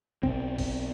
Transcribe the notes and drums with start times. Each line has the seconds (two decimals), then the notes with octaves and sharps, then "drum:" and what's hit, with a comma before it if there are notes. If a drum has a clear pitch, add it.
0.23 B1 C4, drum: kick
0.58 drum: kick, open hi-hat